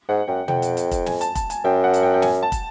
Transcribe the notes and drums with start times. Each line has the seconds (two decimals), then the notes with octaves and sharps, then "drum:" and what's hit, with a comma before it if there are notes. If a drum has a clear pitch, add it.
0.09 G#2 F#5
0.28 F#2 G5
0.48 F2 G5, drum: tom
0.62 drum: hi-hat
0.77 drum: hi-hat
0.91 drum: kick, hi-hat
1.06 G#5, drum: snare
1.21 A5, drum: hi-hat
1.35 A5, drum: kick, hi-hat
1.50 G#5, drum: hi-hat
1.64 F#2 G5
1.84 F#5
1.94 drum: hi-hat
2.03 G5
2.14 G5
2.22 G#5, drum: snare
2.43 A5
2.52 drum: kick, hi-hat